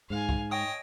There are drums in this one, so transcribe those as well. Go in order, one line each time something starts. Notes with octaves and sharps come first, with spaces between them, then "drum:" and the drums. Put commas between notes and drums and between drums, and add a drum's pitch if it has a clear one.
G#2 F5 G#5
drum: kick
C#5 D#5 G5 D#6